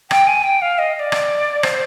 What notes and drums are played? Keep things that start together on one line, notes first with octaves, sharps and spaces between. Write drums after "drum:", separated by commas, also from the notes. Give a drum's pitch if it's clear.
G5, drum: rim click
G#5
G5
F5
D#5
D#5
D5
drum: rim click
C5, drum: rim click